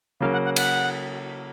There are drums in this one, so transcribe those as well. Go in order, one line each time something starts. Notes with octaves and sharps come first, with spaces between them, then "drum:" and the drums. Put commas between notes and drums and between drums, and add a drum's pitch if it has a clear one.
C#3 F#3 A#3 F5
F#5
F#5
F#5, drum: cymbal